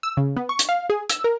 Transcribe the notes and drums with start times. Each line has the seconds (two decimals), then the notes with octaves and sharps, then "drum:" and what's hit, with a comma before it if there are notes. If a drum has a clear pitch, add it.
0.03 E6
0.17 C#3
0.36 B3
0.49 C#6
0.59 drum: hi-hat
0.69 F5
0.90 G#4
1.10 E6, drum: hi-hat
1.24 A#4